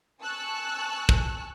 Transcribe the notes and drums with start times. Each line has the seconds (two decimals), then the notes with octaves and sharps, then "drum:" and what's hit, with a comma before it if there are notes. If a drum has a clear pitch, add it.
0.22 G#5 A5 C#6 E6 F#6
1.09 drum: kick